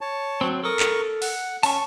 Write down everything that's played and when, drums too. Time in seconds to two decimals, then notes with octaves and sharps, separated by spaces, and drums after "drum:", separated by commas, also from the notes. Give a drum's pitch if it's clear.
0.01 C#5 A5
0.41 F#3 C4
0.64 A4 A#4 C#6 D#6
0.80 drum: clap
1.22 F#5, drum: open hi-hat
1.63 C#4 A5 C#6, drum: open hi-hat